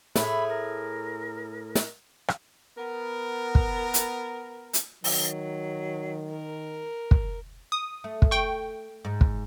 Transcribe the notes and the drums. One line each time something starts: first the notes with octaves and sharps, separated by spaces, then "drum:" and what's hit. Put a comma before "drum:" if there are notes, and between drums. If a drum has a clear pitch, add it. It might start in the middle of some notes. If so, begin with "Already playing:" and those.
A2 A3 G#4 B5, drum: snare
A#4
drum: snare
drum: rim click
B3 A#4
drum: kick
drum: hi-hat
drum: hi-hat
D#3 F#3, drum: open hi-hat
A#4
drum: kick
D#6
A3
drum: kick
G5 C#6
G#2
drum: kick